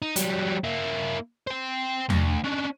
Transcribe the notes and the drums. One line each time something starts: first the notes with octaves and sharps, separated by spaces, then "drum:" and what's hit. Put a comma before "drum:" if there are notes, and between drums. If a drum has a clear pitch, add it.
D#4
F#3 G3, drum: hi-hat
A#3 E4
C5 G5
D2, drum: tom E2
C#4 D4